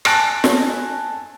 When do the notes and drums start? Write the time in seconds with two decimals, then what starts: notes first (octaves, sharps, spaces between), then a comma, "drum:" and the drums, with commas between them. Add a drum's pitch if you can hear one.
0.05 G#5 A5 F#6 A6 A#6 D7, drum: rim click
0.44 drum: snare